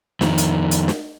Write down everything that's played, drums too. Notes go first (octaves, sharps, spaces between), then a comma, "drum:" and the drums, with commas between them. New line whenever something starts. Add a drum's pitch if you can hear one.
F2 D#3, drum: snare
drum: hi-hat
drum: hi-hat
drum: snare